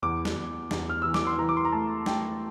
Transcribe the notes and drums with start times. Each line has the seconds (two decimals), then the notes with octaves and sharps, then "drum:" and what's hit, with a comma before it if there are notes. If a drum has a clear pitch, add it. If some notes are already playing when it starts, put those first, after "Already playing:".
0.02 E2 D6
0.25 drum: snare
0.36 E2
0.71 E2, drum: snare
0.89 F6
1.02 E3 E6
1.14 D6, drum: snare
1.27 C6
1.38 E3 A#5
1.49 D6
1.57 C6
1.65 A#5
1.72 A3 A5
2.06 A3 G5, drum: snare